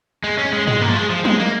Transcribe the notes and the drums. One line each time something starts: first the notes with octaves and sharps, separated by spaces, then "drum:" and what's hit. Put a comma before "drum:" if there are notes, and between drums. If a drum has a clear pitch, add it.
G#3
C#4
G#3
G#3, drum: tom
A#3
F3
G#3
F3
G#3, drum: tom
A#3